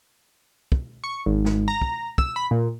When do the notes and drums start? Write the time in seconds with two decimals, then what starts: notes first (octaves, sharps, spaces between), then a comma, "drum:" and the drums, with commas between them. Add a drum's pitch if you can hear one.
0.72 drum: kick
1.04 C#6
1.26 G#1
1.45 drum: snare
1.68 A#5
1.82 drum: kick
2.18 E6, drum: kick
2.36 B5
2.51 A#2